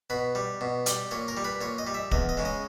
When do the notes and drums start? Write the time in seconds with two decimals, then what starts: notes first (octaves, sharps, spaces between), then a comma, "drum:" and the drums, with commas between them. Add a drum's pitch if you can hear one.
0.10 B2 B4
0.35 G3
0.61 B2
0.86 G3, drum: hi-hat
1.11 A#2 C#5
1.28 A#4
1.37 G3
1.44 B4
1.61 A#2 C#5
1.78 D#5
1.87 G3
1.94 E5
2.11 E2 D#5, drum: kick
2.29 D#5
2.37 C#3 G#3
2.45 D#5